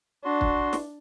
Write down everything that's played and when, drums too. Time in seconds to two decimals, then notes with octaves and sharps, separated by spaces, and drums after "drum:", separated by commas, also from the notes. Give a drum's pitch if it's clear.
0.25 D4 F#4 C6
0.41 drum: kick
0.73 drum: snare